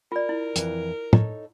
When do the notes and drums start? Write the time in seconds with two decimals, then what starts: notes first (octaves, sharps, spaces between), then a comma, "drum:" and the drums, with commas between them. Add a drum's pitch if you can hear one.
0.12 F4 A#4 D5
0.29 E4
0.56 F2 E3, drum: hi-hat
1.13 D#4 A4 C#5, drum: tom